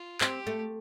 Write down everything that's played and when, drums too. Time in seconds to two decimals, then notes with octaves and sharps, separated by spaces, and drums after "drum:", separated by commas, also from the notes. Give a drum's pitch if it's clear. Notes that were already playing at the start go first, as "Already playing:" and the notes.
Already playing: F4
0.21 C4 G4, drum: clap
0.47 A3